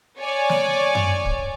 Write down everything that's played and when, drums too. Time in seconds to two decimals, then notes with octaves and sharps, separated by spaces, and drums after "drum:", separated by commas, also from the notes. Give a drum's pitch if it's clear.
0.19 C#5 D5 G#5
0.49 drum: snare
0.95 drum: tom F#2
1.25 drum: kick